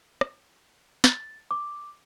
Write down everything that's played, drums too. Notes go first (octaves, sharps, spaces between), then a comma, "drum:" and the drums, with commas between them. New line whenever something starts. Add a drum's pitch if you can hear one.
drum: rim click
A6, drum: snare
D6